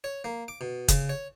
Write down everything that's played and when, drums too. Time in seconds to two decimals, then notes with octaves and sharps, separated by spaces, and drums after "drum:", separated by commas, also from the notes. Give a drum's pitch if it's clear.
0.04 C#5
0.24 A#3
0.48 D6
0.61 B2
0.88 C#3, drum: kick F#1, hi-hat
1.09 C#5